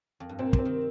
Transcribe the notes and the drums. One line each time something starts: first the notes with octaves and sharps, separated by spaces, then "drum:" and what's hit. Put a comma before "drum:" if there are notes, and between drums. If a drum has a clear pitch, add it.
F2
G2
A#2 C4
C3, drum: kick
C4
D#3